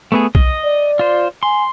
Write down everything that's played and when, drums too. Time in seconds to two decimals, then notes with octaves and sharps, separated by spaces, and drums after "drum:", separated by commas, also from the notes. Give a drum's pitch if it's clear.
0.12 A3 B3 G#4
0.35 D#5, drum: kick B1
0.64 D5
0.99 F4 C5
1.43 G#5 C6